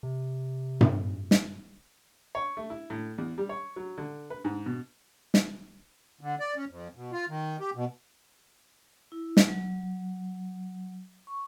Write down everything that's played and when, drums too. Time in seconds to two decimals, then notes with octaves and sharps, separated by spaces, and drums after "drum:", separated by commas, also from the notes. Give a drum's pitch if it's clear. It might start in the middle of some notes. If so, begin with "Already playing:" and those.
0.03 C3
0.81 drum: tom G2
1.31 drum: snare
2.35 C#5
2.57 A3
2.70 E4
2.90 A2
3.18 E2
3.38 G3
3.49 C#5
3.76 F#3
3.98 D3
4.30 B4
4.45 G#2
4.66 B2
5.34 drum: snare
6.21 D3
6.40 D5
6.56 C#4
6.70 F2
6.96 B2
7.12 F4
7.28 D#3
7.61 G4
7.75 B2
9.12 E4
9.37 drum: snare
9.48 F#3
11.27 C#6